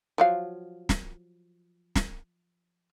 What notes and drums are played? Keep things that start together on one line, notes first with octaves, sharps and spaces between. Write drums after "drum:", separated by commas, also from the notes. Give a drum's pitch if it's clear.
F3 F#3 F5
drum: snare
drum: snare